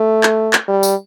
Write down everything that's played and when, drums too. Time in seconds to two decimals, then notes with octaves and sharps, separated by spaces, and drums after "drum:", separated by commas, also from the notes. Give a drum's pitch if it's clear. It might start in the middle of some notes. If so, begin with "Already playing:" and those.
Already playing: A3
0.23 drum: clap
0.53 drum: clap
0.68 G3
0.83 drum: tambourine